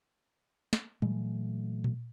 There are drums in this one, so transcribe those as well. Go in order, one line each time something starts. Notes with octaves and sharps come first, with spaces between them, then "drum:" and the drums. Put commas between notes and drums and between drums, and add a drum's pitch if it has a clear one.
drum: snare
A#2 E3 F#3 A3, drum: tom G3
drum: tom A#2